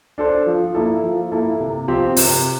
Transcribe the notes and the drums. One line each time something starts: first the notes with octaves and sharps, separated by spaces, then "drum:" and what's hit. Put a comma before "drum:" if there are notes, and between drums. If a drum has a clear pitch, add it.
D4 A4 C5
F3
A#3 E4 A4
F3
A#3 E4 A4
C3
F3 C4 G4 C5
C3, drum: open hi-hat